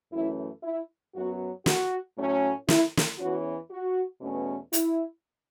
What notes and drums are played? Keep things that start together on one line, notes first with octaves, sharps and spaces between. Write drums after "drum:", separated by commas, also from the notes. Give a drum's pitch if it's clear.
F#2 E3 A3 C#4 E4
E4
F#2 F#3 B3 F#4
F#4, drum: snare
A2 F#3 A3 C#4
E4, drum: snare
drum: snare
E2 E3 C#4 F#4
F#4
E2 B2 A3 C#4
E4, drum: hi-hat